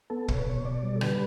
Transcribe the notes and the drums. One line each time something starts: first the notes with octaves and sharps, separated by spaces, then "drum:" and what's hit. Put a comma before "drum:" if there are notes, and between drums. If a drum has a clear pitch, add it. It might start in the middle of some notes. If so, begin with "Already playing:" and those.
B3 A4
B2 C#5, drum: kick
B4
B2 C#5
B2 D5
G3
A4
D3 B4, drum: rim click